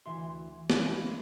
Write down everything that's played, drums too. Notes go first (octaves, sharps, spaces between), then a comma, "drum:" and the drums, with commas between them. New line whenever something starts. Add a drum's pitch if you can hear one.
D2 E3 E5 C6
E3 F3 G#3 C#4 E4 F4, drum: snare